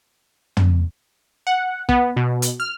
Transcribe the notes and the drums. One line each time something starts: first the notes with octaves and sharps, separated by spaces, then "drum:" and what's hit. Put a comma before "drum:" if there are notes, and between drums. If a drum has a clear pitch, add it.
drum: tom
F#5
B3, drum: kick
B2
drum: hi-hat
F6